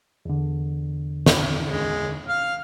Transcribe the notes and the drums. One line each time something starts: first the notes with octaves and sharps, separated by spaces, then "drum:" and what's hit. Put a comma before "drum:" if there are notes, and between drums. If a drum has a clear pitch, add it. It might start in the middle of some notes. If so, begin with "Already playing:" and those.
E2 D3
drum: snare
G#3
F5 F6